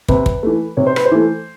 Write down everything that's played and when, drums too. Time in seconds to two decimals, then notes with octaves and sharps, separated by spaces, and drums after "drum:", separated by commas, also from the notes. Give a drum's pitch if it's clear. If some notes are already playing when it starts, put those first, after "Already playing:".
0.08 C3 B4, drum: kick
0.26 drum: kick
0.43 E3 A3
0.77 C3 C#5
0.87 C5
0.96 B4, drum: rim click
1.06 C5
1.11 E3 A3